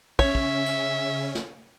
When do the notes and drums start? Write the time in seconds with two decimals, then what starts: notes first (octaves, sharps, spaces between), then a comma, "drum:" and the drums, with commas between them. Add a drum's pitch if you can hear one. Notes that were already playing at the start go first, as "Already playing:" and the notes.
0.19 C#3 C#4 C#5 E5, drum: kick
0.35 drum: kick
0.66 drum: cymbal
1.35 drum: snare